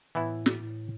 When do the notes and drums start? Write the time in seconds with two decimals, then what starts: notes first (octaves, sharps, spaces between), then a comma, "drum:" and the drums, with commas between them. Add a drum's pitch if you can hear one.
0.15 A2 E3 B3 E4
0.46 drum: snare
0.60 A2